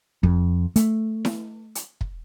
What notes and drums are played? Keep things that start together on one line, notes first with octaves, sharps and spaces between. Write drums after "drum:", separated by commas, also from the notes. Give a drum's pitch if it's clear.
F2, drum: kick
A3, drum: hi-hat
drum: snare E4
drum: hi-hat
drum: kick